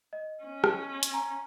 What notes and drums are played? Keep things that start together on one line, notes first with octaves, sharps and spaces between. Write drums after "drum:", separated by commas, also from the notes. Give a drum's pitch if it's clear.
D#5
C#4
drum: rim click
drum: hi-hat
G#5 A#5